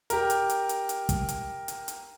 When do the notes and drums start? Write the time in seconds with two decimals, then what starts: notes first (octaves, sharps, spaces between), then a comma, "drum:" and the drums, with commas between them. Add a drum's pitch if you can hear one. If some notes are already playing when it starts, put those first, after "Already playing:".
0.10 G4 A#4, drum: hi-hat
0.30 drum: hi-hat
0.50 drum: hi-hat
0.69 drum: hi-hat
0.89 drum: hi-hat
1.09 drum: kick, hi-hat
1.29 drum: hi-hat
1.68 drum: hi-hat
1.88 drum: hi-hat